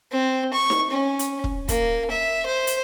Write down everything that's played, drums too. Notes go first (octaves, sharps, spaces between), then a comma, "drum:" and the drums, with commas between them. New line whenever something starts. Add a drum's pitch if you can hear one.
C4
C#6
drum: snare D#4
C#4
drum: hi-hat
drum: kick
A#3, drum: kick, hi-hat
E5
C5
drum: hi-hat